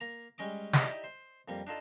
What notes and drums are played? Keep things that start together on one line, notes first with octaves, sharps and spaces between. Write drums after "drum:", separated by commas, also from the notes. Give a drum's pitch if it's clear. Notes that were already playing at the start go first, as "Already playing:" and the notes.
A#3 A#5
G3 G#3 C#4 D#5 D6
D#4 E4 G4 D5 D#5, drum: snare
C5
F2 G3 A#3
D4 D#4 F4 A4